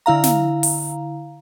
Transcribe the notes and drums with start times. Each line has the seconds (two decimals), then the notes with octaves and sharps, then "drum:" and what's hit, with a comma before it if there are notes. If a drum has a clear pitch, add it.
0.06 D3 E4 F5 A#5
0.23 drum: snare
0.63 drum: open hi-hat